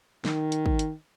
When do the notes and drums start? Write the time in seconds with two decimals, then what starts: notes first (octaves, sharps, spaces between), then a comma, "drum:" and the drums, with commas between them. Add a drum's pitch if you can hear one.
0.25 D#3, drum: snare
0.52 drum: hi-hat
0.66 drum: kick
0.79 drum: hi-hat